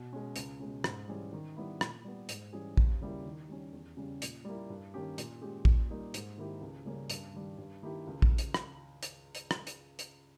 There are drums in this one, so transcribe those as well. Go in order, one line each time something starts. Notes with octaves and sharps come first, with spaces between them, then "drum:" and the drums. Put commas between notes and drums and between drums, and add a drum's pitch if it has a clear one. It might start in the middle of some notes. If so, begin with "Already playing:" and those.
Already playing: B2
G#3 C#4
C#2, drum: hi-hat
B2 G#3 C#4
G#2, drum: rim click
E3 G3 C#4 G#4
D#3
G3 B3 E4
A#2, drum: rim click
G3 B3
G#2, drum: hi-hat
E3 G3 C#4 G#4
D#2, drum: kick
C#3 G3 A#3 E4
D#3
G3 C#4
E2
C#3 G3 C#4
A#2, drum: hi-hat
G3 A#3 E4
G2
D#3 A#3 C#4 G4
A#2, drum: hi-hat
G#3 C#4 G4
A#2, drum: kick
G3 A#3 D#4 G4
G#2, drum: hi-hat
D#3 A#3 E4 G4
C#2
C#3 G3 A#3 C#4
G2, drum: hi-hat
D#3 G3
G2
D#3 A#3 E4 G4
C#2
drum: kick
drum: hi-hat
drum: rim click
drum: hi-hat
drum: hi-hat
drum: rim click
drum: hi-hat
drum: hi-hat